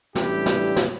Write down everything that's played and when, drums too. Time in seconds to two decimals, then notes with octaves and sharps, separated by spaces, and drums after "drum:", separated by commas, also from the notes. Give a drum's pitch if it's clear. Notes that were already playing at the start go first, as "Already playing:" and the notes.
0.15 A1 E3 G3 D4 E4 G4, drum: snare
0.46 drum: snare
0.77 drum: snare